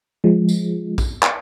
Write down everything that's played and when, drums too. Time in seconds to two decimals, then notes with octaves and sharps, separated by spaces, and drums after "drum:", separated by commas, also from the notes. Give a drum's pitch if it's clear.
0.24 F3 G#3
0.49 drum: tambourine
0.98 drum: kick A#1, tambourine
1.23 drum: clap